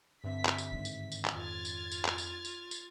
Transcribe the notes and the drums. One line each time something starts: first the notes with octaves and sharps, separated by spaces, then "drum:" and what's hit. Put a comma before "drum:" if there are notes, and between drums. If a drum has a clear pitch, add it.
G2 D3 C4 E5 B6
drum: clap
drum: tambourine
G#2 D#3
drum: tambourine
drum: tambourine
drum: clap
F2 F4 F6 G#6 A6
drum: tambourine
drum: tambourine
drum: clap
drum: tambourine
drum: tambourine
drum: tambourine